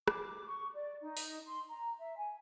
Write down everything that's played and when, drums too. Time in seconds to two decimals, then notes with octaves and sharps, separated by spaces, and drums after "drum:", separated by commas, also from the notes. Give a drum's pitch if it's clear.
0.08 D6, drum: rim click
0.46 C#6
0.73 D5
1.01 D#4
1.17 drum: open hi-hat
1.45 C6
1.69 A#5
1.98 E5
2.16 G#5